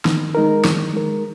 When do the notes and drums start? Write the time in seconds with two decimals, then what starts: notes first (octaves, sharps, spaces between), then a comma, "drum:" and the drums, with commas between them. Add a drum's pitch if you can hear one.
0.05 D#3, drum: snare
0.35 G#3 D#4 A#4
0.65 D#3, drum: snare
0.93 G#3 D#4 A#4